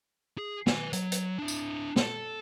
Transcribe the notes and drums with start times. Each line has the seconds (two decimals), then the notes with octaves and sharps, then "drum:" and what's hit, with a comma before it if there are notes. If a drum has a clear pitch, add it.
0.38 G#4
0.67 B4 G#5, drum: snare
0.93 F#3, drum: hi-hat
1.12 drum: hi-hat
1.38 D4 E4
1.48 drum: tambourine
1.96 A4 A5, drum: snare